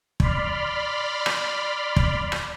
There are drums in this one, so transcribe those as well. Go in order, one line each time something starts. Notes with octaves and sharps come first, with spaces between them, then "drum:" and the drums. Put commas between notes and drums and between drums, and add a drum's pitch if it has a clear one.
D5 B5 C6 F6, drum: kick
drum: rim click
drum: kick
drum: rim click